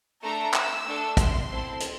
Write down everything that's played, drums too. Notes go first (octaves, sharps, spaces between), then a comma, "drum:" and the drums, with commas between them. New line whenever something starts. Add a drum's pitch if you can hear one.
A3 D4 A4 A#5
E6, drum: clap
A3 D4 A4
C6, drum: kick, hi-hat
C4 E4 A4
drum: hi-hat